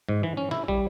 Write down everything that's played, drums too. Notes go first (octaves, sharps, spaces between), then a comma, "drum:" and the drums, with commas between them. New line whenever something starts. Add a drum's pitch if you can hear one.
G#2
E3
C#4
E4, drum: snare
G3, drum: kick